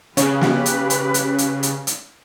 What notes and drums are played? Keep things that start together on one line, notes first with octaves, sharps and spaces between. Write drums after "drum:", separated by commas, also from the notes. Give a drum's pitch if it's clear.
C#3 G4 B4, drum: hi-hat
drum: snare
drum: hi-hat
drum: hi-hat
drum: hi-hat
drum: hi-hat
drum: hi-hat
drum: hi-hat